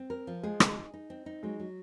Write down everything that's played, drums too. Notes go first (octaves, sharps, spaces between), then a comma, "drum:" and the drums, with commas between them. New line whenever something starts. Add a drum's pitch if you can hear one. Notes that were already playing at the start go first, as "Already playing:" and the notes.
Already playing: C4
A#4
F3
G#3 G#4
D#4, drum: rim click
G#4
D#4
C4
D#4
F#3 G#3
F#3